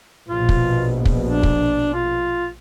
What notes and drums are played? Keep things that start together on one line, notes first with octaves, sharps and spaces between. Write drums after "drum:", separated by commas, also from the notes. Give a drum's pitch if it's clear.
A#1 B2 F4
drum: kick
drum: kick
D4
drum: kick
F4